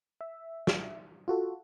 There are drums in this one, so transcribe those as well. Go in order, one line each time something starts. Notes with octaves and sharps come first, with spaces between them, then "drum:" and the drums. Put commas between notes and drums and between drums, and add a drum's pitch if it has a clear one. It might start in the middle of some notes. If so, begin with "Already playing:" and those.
E5
drum: snare
F4 F#4 A4